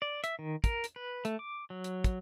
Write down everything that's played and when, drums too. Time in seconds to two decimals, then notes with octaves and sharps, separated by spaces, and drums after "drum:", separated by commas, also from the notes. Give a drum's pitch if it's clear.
0.02 D5
0.24 E5, drum: hi-hat
0.39 D#3
0.64 A#4, drum: kick, hi-hat
0.84 drum: hi-hat
0.96 B4
1.25 A3, drum: hi-hat
1.39 D6
1.70 F#3
1.84 drum: hi-hat
2.04 drum: kick, hi-hat